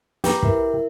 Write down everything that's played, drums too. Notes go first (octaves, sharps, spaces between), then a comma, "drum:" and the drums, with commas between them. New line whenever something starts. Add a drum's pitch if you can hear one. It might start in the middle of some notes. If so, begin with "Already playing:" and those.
G4 B4 A#5, drum: snare
E4 A#4 E5, drum: kick